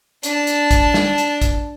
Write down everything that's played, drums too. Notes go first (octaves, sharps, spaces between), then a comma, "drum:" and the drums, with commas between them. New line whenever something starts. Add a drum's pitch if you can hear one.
D4 A5, drum: hi-hat
drum: hi-hat
drum: kick, hi-hat
drum: snare
drum: hi-hat
drum: kick, hi-hat